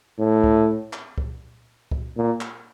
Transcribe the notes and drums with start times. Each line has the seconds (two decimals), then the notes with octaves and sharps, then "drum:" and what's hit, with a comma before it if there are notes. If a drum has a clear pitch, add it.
0.19 A2
0.44 drum: kick
0.93 drum: clap
1.18 drum: kick
1.91 drum: kick
2.17 A#2
2.41 drum: clap